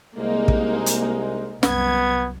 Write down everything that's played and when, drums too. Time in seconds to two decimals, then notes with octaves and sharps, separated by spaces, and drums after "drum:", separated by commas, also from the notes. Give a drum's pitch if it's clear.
0.17 C2 G#3 A#3 D#4
0.48 drum: kick
0.86 drum: hi-hat
1.63 C2 F#2 B3 G#6, drum: snare